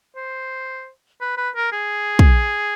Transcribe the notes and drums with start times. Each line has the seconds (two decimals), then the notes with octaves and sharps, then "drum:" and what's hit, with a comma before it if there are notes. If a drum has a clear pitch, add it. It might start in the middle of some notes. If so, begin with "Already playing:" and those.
0.16 C5
1.21 B4
1.37 B4
1.56 A#4
1.72 G#4
2.19 drum: kick